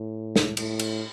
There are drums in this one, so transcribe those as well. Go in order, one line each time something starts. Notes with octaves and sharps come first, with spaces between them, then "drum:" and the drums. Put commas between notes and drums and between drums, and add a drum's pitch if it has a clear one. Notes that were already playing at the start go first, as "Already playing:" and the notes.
Already playing: A2
drum: snare
A2, drum: cymbal
drum: cymbal